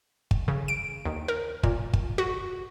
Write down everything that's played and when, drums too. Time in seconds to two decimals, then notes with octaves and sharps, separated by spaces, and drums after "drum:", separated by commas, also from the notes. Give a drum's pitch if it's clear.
0.31 drum: kick
0.48 C#3
0.68 D7
1.05 D#2
1.28 A#4
1.63 A#2, drum: kick
1.93 drum: kick
2.18 F#4